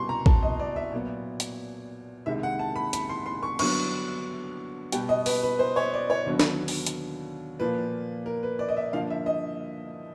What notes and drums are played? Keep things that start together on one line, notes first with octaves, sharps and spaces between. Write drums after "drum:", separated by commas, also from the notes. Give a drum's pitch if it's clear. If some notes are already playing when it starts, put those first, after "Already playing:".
Already playing: C2 B2 G3 B3 C6 C#6
A#5
A5, drum: kick A1
D#5
D5
E5
A#2 F#3 B3
drum: hi-hat
C2 C3 D#3 G#3 E5
F#5
A5
B5
B5, drum: hi-hat
C6
C6
C#6
G2 D3 F#3 B3 C#6, drum: cymbal
B2 G3 B3 G5, drum: hi-hat
D#5
B4, drum: open hi-hat
B4
C5
C#5
D5
C#5
D#2 D3 F#3 B3
drum: snare
drum: open hi-hat
drum: hi-hat
A#2 F3 A#3 B4
A#4
B4
D5
D#5
E5
G2 D3 F3 A#3 F5
E5
D#5